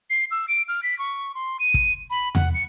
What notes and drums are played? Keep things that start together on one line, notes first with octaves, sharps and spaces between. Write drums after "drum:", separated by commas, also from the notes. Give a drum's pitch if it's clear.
C7
E6
D7
F6
B6
C#6
C6
D#7
drum: kick
B5
F#5, drum: tom E2
C#7